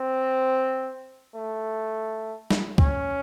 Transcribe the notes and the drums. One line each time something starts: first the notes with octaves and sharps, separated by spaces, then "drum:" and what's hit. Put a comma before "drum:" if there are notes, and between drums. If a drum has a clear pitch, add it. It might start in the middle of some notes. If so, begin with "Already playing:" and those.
Already playing: C4
A3
drum: snare
C#4, drum: kick C#2